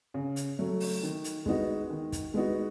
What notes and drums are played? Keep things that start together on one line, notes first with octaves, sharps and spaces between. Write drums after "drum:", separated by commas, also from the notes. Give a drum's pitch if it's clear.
C#3
drum: hi-hat
F#3 A3
drum: open hi-hat
D#3
drum: hi-hat
G#3 B3 D#4 F#4, drum: kick
D#3
drum: kick, hi-hat
G#3 B3 D#4 F#4